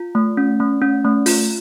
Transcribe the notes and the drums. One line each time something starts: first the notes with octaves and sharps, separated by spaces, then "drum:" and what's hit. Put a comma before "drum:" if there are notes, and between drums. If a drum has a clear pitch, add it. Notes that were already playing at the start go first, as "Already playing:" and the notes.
Already playing: F4
A3
C#4
A3
C#4
A3
F4, drum: open hi-hat